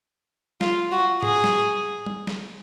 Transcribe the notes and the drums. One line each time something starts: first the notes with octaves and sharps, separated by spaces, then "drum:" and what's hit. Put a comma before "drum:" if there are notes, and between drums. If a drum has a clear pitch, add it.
F4, drum: snare
F#4
G#4, drum: tom A2
drum: snare
drum: tom
drum: snare